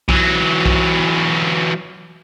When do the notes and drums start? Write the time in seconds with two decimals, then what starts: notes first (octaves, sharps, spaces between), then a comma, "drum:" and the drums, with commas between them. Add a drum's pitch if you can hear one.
0.09 E3 F#3, drum: kick B1
0.66 drum: kick B1